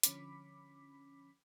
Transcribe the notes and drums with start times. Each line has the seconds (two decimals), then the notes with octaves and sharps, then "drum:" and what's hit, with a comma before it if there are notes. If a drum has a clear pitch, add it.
0.03 D3 F3 C#4 B5 D6 B6, drum: hi-hat